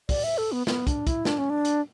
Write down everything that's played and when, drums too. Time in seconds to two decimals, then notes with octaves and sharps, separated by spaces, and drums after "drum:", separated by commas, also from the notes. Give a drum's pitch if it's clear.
0.09 D5, drum: kick, open hi-hat
0.24 E5
0.38 A4
0.52 B3
0.67 B3, drum: snare
0.87 D4, drum: kick, hi-hat
1.07 E4, drum: kick, hi-hat
1.25 D4, drum: snare
1.38 C#4
1.50 D4
1.65 drum: hi-hat